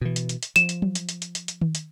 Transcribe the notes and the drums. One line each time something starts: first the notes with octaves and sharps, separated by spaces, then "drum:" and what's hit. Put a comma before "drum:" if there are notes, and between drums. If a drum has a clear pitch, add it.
B2 E3
drum: hi-hat
drum: hi-hat
drum: hi-hat
F3 E7, drum: hi-hat
drum: hi-hat
drum: tom F#3
drum: hi-hat
drum: hi-hat
drum: hi-hat
drum: hi-hat
drum: hi-hat
drum: tom D#3
drum: hi-hat